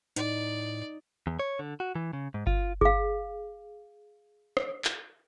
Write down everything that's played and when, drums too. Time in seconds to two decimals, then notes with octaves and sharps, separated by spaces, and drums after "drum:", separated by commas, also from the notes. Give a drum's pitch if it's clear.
0.16 A2 D#4 D5, drum: hi-hat
1.27 E2
1.39 C#5
1.59 D3
1.80 F#4
1.95 E3
2.13 C#3
2.34 G#2
2.47 F4, drum: kick G1
2.81 G#4 F5, drum: kick G1
4.57 drum: rim click
4.85 drum: clap